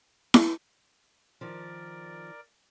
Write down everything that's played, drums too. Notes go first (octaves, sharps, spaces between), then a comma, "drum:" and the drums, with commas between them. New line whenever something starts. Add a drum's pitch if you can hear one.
drum: snare E4
D#3 F3 A#4 D5